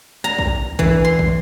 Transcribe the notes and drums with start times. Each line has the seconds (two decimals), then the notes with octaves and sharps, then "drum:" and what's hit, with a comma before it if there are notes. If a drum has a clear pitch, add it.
0.24 A#5
0.39 drum: kick
0.79 E3, drum: kick
1.05 C6
1.19 drum: kick